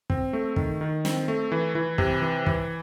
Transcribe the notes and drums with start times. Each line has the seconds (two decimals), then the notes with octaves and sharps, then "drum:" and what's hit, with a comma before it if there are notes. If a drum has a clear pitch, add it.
0.10 C4, drum: kick
0.33 A3
0.56 D#3, drum: kick
0.81 D#3
1.05 C4, drum: snare
1.28 A3
1.52 E3
1.75 E3
1.98 C3, drum: kick
2.22 E3
2.46 E3, drum: kick